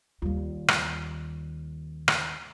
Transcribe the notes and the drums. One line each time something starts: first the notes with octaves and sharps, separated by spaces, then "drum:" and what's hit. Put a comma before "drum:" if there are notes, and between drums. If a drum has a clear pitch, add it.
D#2 G3 F4
drum: rim click
drum: rim click